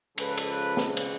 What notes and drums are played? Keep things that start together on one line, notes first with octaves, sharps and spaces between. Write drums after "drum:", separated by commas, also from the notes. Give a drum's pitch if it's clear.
C#2 C#3 F3 A4 B4, drum: cymbal
drum: cymbal
drum: snare
drum: cymbal